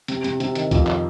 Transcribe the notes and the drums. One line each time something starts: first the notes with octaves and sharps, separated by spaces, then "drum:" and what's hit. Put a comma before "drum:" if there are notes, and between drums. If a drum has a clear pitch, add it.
C3, drum: hi-hat
C3, drum: hi-hat
C3, drum: hi-hat
D#3, drum: hi-hat
F2, drum: kick C2, hi-hat
drum: clap